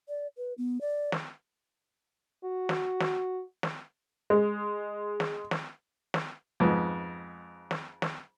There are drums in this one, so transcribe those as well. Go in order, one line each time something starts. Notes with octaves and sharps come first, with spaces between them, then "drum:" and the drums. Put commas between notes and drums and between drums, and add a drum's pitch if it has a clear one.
D5
B4
B3
D5
drum: snare
F#4
drum: snare
drum: snare
drum: snare
G#3
drum: snare
drum: snare
drum: snare
F2 G#2 B3
drum: snare
drum: snare